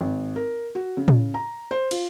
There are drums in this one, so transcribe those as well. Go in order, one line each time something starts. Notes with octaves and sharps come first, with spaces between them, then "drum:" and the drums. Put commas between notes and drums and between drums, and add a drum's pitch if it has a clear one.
G#1
A#4
F#4
C#3
drum: tom
A#5
C5
F4, drum: cymbal